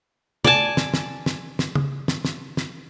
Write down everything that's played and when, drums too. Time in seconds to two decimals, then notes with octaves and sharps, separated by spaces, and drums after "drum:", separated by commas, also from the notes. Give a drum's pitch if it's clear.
0.44 D5 G#5 A5, drum: tom C3
0.77 drum: snare
0.94 drum: snare
1.26 drum: snare
1.59 drum: snare
1.75 drum: tom
2.08 drum: snare
2.25 drum: snare
2.57 drum: snare